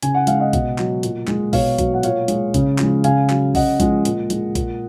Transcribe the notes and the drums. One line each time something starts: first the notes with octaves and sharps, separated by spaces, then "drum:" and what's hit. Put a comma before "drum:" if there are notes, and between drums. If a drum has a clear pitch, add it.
C#3 G#5, drum: hi-hat
F#5
G#3 F5, drum: hi-hat
D#5 F#5
B2, drum: kick A#1, hi-hat
F#3, drum: clap
A#2, drum: hi-hat
G#3, drum: clap
B2 C#5 F5, drum: kick A#1, open hi-hat
F#3, drum: kick A#1, hi-hat
F#5
A#2 C#5 F5, drum: hi-hat
G#3, drum: hi-hat
C#3, drum: kick A#1, hi-hat
F3 G#3, drum: clap
C#3 F5 G#5, drum: hi-hat
F#3, drum: clap
C#3 D#5 F#5, drum: kick A#1, open hi-hat
F3 G#3, drum: kick A#1, hi-hat
A#2, drum: hi-hat
G#3, drum: hi-hat
A#2, drum: kick A#1, hi-hat